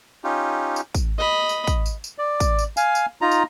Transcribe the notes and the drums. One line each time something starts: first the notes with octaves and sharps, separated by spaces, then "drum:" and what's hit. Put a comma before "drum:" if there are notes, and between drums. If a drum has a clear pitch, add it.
C#4 D#4 F4 G4
drum: tambourine
drum: kick, tambourine
D#5 B5
drum: tambourine
drum: kick, tambourine
drum: tambourine
drum: tambourine
D5
drum: kick, tambourine
drum: tambourine
F5 G#5, drum: tambourine
drum: tambourine
D#4 F4 A#5
drum: tambourine